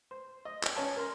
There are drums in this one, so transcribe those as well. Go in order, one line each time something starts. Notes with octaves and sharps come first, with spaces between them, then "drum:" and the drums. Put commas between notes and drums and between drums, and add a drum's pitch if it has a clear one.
C5
D#5
drum: clap
C#4 C#5 A5
A#4 C6